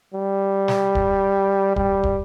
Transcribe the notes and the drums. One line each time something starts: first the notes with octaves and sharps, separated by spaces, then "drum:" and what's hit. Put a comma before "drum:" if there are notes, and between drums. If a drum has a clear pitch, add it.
G3
drum: snare
drum: kick
G3, drum: kick
drum: kick